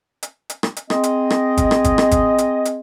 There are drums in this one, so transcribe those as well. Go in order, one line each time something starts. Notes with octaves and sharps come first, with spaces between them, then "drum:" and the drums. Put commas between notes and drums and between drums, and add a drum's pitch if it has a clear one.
drum: hi-hat
drum: hi-hat
drum: rim click
drum: hi-hat
C4 G#4 D#5, drum: rim click
drum: hi-hat
drum: rim click
drum: kick, hi-hat
drum: rim click
drum: kick, hi-hat
drum: rim click
drum: kick, hi-hat
drum: hi-hat
drum: hi-hat